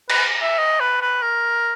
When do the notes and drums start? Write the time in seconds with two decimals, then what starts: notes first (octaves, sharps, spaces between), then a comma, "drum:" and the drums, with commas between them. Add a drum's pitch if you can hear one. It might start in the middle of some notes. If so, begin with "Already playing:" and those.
0.09 B4, drum: cymbal
0.42 E5
0.58 D#5
0.80 B4
1.01 B4
1.22 A#4